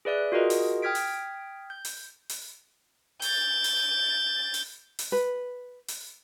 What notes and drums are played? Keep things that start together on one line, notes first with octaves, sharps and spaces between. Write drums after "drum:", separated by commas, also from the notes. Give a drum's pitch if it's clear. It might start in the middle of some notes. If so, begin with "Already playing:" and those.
G#4 B4 D5 E5 F#6
F4 F#4 G#4 A#4 D#5
drum: open hi-hat
G5 D#6 F6 G#6 B6 D7
drum: open hi-hat
G6
drum: open hi-hat
drum: open hi-hat
G6 A6, drum: open hi-hat
drum: open hi-hat
drum: open hi-hat
drum: open hi-hat
B4
drum: open hi-hat